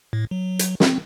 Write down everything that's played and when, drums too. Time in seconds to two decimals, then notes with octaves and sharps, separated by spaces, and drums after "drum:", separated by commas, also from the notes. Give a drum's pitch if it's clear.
0.13 A2
0.31 F#3
0.59 drum: hi-hat
0.80 C4, drum: snare